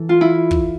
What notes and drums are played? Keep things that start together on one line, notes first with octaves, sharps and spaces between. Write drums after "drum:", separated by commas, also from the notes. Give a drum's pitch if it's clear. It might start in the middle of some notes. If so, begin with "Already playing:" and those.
Already playing: E3 A4
F4
E4
drum: kick